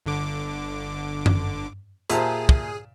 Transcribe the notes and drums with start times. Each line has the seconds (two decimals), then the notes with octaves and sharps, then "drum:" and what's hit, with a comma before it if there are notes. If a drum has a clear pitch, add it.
0.06 G1 D3 D6
1.26 drum: tom F#2
2.10 A#2 G4 G#4 C5 E5 A5 A#5, drum: hi-hat
2.49 drum: kick